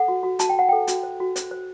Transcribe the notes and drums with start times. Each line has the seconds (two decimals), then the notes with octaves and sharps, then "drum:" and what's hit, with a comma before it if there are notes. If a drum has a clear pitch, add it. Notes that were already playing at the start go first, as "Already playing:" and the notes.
Already playing: A4 F#5
0.08 F#4
0.23 F#4
0.39 F#4 A5, drum: hi-hat
0.49 G5
0.55 F#4 F#5
0.69 A4 G5
0.88 F#4, drum: hi-hat
1.03 C5
1.20 F#4
1.36 C5, drum: hi-hat
1.51 C5